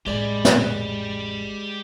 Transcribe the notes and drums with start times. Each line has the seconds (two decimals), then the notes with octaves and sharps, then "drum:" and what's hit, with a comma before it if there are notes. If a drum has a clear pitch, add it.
0.07 A1 F2 G#3 G4 D5 B5
0.45 drum: snare